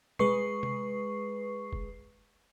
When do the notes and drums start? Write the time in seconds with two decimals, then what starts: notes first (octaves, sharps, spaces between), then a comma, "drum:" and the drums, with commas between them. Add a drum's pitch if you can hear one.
0.19 G#3 G#4 B4 C#6 C7, drum: tom B2
0.63 drum: tom C3
1.73 drum: kick F1